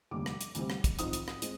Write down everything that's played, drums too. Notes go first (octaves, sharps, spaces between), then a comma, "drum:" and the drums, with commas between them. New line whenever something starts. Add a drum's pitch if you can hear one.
F1 D#2 D3 G3 D6
drum: rim click
drum: hi-hat
D2 C3 G3 C4, drum: hi-hat
drum: rim click
drum: kick, hi-hat
G#1 G#2 F3 C4 D#6, drum: hi-hat
drum: hi-hat
drum: rim click
G#3 C4, drum: hi-hat